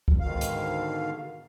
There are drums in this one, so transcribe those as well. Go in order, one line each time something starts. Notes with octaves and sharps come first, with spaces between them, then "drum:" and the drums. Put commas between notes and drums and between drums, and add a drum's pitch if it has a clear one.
drum: kick
G#2 B2 D3 D#3 F5
drum: hi-hat